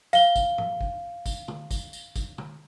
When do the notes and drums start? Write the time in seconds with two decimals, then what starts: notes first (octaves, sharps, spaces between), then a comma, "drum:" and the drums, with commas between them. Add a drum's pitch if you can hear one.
0.13 F5 G7, drum: tambourine
0.36 drum: kick G#1, tambourine
0.58 drum: tom G#2
0.81 drum: kick G#1
1.26 drum: kick G#1, tambourine
1.48 drum: tom
1.71 drum: kick G#1, tambourine
1.93 drum: tambourine
2.16 drum: kick G#1, tambourine
2.38 drum: tom